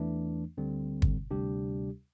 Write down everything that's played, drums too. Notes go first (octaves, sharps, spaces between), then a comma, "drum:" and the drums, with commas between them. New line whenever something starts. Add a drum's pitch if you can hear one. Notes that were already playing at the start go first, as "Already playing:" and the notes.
Already playing: E2 E3 A3 D4
D2 D3 G3 C4
drum: kick
D2 C3 G3 D4 G4